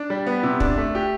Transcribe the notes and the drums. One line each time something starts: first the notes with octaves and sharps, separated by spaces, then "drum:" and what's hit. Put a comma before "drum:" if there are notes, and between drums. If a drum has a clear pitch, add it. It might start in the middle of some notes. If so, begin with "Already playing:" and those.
Already playing: D4
G3
B3
C3
D4, drum: kick
A3
G4